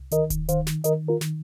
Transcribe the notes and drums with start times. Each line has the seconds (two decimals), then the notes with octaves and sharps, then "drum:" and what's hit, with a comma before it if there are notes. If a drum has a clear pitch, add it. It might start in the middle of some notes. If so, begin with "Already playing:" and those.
Already playing: C2
0.11 D#3 A#4 D#5, drum: hi-hat
0.30 drum: kick D1, hi-hat
0.49 D#3 C5 F5, drum: hi-hat
0.67 drum: snare
0.84 D#3 A#4 D#5, drum: hi-hat
1.08 F4 A#4
1.21 D#3, drum: snare